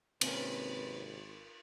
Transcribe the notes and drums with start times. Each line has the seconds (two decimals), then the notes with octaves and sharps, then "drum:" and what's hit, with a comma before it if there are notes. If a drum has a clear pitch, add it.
0.21 G#1 C3 A#3 C4 C#4 B4, drum: cymbal